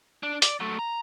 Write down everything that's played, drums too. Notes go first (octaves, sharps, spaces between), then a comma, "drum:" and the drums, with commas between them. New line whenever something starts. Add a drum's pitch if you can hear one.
D4
D5, drum: hi-hat
F#3 A3
A#5